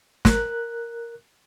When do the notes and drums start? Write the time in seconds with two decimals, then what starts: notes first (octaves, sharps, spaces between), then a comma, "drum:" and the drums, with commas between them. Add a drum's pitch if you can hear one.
0.25 A#4 F#6, drum: snare